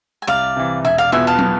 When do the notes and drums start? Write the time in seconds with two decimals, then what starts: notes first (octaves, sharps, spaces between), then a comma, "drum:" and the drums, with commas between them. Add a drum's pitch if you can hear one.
0.22 G#5
0.27 C2 D5 F5
0.56 C3 E3
0.85 E1 E5 G#5
0.98 D5 F5
1.12 E2 B2 B3 F4 E5 G#5
1.27 F5 A5
1.38 drum: tom